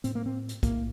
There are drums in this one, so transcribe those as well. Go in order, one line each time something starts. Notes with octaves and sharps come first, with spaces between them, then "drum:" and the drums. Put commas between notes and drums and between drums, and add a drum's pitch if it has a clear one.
A2 C4, drum: hi-hat
A#3
C4
drum: hi-hat
A2 A#3, drum: kick, hi-hat